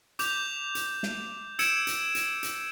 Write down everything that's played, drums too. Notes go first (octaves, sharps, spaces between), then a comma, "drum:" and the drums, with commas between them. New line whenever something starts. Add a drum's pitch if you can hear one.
D6 G6 F7, drum: hi-hat
drum: hi-hat
drum: snare
E6 G#6 C#7 D7 E7, drum: hi-hat
drum: hi-hat
drum: hi-hat
drum: hi-hat